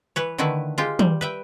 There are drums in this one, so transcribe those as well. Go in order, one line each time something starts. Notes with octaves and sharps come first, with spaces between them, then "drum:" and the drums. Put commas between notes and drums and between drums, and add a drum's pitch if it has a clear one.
E3 B4 C#5
D3 D#3 A3 E4 B4
G#3 F4 G4
G3, drum: tom
B4 E5 G5